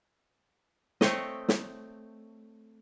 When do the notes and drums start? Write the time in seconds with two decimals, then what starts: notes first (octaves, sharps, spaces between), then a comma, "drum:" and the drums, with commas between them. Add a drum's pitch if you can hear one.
1.01 A3 C4 C#5 D#5, drum: snare
1.49 drum: snare